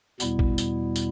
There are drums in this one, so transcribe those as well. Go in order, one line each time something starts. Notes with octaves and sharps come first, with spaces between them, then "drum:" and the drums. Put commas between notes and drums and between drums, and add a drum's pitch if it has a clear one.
E2 B2 G3 B3 E4, drum: tambourine
drum: kick A#1
drum: tambourine
drum: tambourine